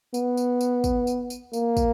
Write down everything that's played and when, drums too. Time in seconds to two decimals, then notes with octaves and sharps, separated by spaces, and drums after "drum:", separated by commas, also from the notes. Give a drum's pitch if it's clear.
0.14 B3, drum: tambourine
0.37 drum: tambourine
0.61 drum: tambourine
0.84 drum: kick, tambourine
1.07 drum: tambourine
1.30 drum: tambourine
1.53 A#3, drum: tambourine
1.77 drum: kick, tambourine